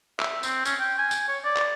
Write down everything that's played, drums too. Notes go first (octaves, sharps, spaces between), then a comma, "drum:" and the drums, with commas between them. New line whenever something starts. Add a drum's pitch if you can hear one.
E5, drum: clap
C4, drum: tambourine
C#4, drum: tambourine
G5
G#5
drum: tambourine
C#5
D5
drum: clap